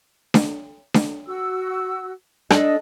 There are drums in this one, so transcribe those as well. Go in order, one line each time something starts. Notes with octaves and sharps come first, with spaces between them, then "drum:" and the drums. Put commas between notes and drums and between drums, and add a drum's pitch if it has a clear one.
drum: snare D4
drum: snare D4
F#4 E6
D4 A4 D#5, drum: rim click